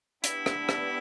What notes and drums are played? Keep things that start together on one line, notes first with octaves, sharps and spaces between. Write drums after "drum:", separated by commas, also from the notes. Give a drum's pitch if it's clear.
B3 D4 E4 G4, drum: hi-hat
drum: rim click
drum: rim click